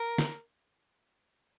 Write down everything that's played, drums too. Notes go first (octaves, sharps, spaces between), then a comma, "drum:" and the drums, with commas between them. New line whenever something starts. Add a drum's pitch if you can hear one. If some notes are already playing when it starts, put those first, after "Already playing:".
Already playing: A#4
drum: snare